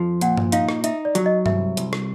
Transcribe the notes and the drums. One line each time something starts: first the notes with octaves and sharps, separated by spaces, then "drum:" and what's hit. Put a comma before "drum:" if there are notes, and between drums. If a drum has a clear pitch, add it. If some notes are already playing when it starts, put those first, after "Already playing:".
Already playing: F2 F3
A#2 F#5, drum: hi-hat
drum: tom G2
D#4 F5, drum: hi-hat
drum: rim click
D#4 E5, drum: hi-hat
D5
F#3, drum: hi-hat
D#5
C2 E5, drum: tom G2
C2, drum: hi-hat
drum: rim click